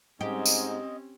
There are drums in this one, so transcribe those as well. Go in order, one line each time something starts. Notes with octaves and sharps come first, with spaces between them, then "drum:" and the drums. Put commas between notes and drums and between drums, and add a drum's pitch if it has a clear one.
G#2 C4 C#4 G4 D#5
drum: tambourine